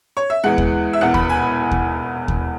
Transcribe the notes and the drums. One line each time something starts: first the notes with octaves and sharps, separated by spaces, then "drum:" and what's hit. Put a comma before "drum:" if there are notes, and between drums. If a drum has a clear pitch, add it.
C#5
E5
E2 E3 G#3 F#5
drum: kick D#2
E5
E1 E2 E3 F#5
B5, drum: kick D#2
G#5
drum: kick D#2
drum: kick D#2